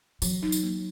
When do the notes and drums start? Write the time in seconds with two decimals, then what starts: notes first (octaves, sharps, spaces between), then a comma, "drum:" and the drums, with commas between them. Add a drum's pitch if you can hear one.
0.22 E3 F#3, drum: tambourine
0.43 D#4
0.52 drum: tambourine
0.63 A#3